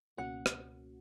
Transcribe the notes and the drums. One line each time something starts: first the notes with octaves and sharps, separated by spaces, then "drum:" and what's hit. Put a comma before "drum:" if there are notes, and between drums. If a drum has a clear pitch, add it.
C#2 B2 A#3 C#4 F#4 F#5
drum: rim click